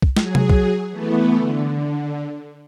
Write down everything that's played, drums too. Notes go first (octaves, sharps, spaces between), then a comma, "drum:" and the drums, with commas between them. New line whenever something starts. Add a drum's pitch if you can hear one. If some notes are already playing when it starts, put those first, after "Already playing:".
drum: kick
F#3 G#4, drum: snare
drum: tom C3
drum: kick
E3 A3 B3
D3